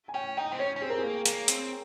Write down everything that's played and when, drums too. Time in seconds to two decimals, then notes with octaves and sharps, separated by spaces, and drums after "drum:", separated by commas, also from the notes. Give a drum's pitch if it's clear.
0.08 G#5
0.14 C#4 G5
0.37 D#4 G5
0.52 C4
0.59 C#4 C#5
0.76 C#4
0.81 C4 G#4
0.90 A#4
0.98 G#4
1.03 A#3
1.26 A#3, drum: hi-hat
1.48 C4, drum: hi-hat